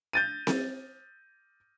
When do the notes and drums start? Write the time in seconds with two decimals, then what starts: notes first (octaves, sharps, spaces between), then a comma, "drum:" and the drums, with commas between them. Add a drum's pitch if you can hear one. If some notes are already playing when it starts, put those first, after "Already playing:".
0.13 G6 A6 D#7
0.47 drum: snare C4